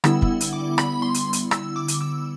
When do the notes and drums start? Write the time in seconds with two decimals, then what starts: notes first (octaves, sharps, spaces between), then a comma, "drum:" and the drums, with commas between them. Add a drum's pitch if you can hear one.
0.04 D3 G3 B3 E4 E6, drum: rim click
0.22 drum: kick
0.41 drum: hi-hat
0.53 D6
0.78 B5, drum: rim click
1.02 C6
1.14 drum: hi-hat
1.33 drum: hi-hat
1.51 E6, drum: rim click
1.76 D6
1.88 drum: hi-hat
2.01 E6